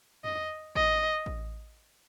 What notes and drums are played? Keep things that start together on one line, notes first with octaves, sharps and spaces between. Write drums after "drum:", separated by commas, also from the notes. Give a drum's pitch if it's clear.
D#5, drum: tom
D#5, drum: kick A1
drum: kick A1